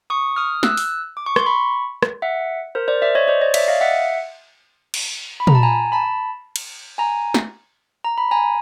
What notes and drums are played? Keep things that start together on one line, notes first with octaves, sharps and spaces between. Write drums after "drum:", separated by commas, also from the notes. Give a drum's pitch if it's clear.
C#6 D#6
D#6 F6
E6 F#6, drum: snare
drum: open hi-hat
D6
C#6
C6, drum: rim click
B5 C#6
drum: rim click
E5 F#5
A#4 C5
C5 D5
D5 E5
C#5 D#5
C5 D5
C#5 D#5
D5 E5, drum: cymbal
D#5 F5
E5 F#5
drum: cymbal
B5
A#5, drum: tom
A5
G#5 A#5
A5 B5
drum: cymbal
G#5 A#5
drum: snare
A#5
B5
G#5 A#5